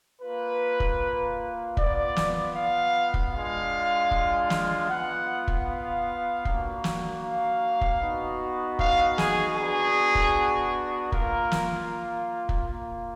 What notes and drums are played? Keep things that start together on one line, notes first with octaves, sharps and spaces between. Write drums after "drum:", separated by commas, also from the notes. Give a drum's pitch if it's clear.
A#3 F4 B4
drum: kick
B3 F4 D5, drum: kick
drum: snare
F5
drum: kick
G#3 D4 F4 F5
drum: kick
drum: snare
B3 F4 F#5
drum: kick
F5
A#3 D4 F#4, drum: kick
drum: snare
F5
drum: kick
B3 D#4 F#4
F5, drum: kick
G#4, drum: snare
B3 D4 F#4 G#4
drum: kick
A#3 F4 A#4, drum: kick
drum: snare
drum: kick
A#3 F4